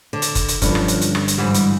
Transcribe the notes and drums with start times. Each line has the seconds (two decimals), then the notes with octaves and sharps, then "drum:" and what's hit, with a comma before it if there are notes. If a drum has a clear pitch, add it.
0.13 D3
0.22 drum: hi-hat
0.35 drum: kick, hi-hat
0.49 drum: hi-hat
0.62 G1 F3 C#4 D4, drum: kick, hi-hat
0.75 drum: rim click
0.88 drum: hi-hat
1.01 drum: hi-hat
1.15 drum: rim click
1.28 drum: hi-hat
1.38 G#2 E3 G3
1.54 drum: hi-hat